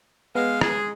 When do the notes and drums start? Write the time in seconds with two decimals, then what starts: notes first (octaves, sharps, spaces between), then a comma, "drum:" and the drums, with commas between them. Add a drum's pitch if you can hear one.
0.35 G#3 B3 F5
0.61 G#4, drum: rim click